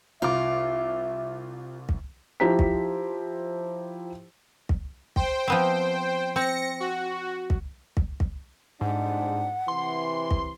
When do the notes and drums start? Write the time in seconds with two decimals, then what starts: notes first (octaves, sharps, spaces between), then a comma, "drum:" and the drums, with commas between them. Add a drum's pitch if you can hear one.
0.22 C2 F4 E5 D6
1.89 drum: kick
2.40 F3 E4 G4 C5 A#5 B6
2.59 drum: kick
4.69 drum: kick
5.16 C5 G5, drum: kick
5.48 F3 B3 C4
6.36 C4 A#6 C#7
6.80 F#4
7.50 drum: kick
7.97 drum: kick
8.20 drum: kick
8.81 F2 G#2 G3 D4 F#5
9.68 C3 E3 C6
10.31 drum: kick